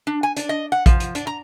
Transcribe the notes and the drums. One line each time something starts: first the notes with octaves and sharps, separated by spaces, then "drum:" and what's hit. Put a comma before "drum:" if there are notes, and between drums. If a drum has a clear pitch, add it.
D4
G#5
D4, drum: hi-hat
D#5
F#5
F3, drum: kick A#1, hi-hat
drum: hi-hat
D4, drum: hi-hat
A#5